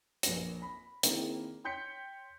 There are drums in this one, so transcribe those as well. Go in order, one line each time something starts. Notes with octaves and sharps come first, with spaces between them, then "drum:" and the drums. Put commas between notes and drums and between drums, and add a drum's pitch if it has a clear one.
A#1 A#3 B4 A#6, drum: hi-hat
B5
D#3 A#3 C4 E4 G#4, drum: hi-hat
C#5 G5 C6 G6 B6 C#7